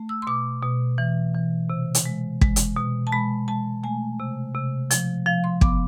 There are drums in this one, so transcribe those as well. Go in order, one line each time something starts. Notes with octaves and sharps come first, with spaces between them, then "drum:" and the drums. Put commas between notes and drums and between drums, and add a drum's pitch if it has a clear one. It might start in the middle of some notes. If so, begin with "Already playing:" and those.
Already playing: A3
E6
C6
B2 D6
B2
E3
E3
C3
drum: hi-hat
G#3
G#3, drum: kick
drum: hi-hat
B2
A5
G#3 B5
G#3 A5
A3 G#5
C3
C3
F3, drum: hi-hat
F3 F5
C6
B3 D6, drum: kick